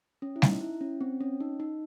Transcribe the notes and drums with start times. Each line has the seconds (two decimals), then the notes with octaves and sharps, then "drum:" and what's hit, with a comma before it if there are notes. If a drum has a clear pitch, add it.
0.22 C#4
0.36 E4
0.42 D#4, drum: snare G3
0.61 E4
0.81 C#4
1.01 C4
1.21 C#4
1.40 D#4
1.60 D#4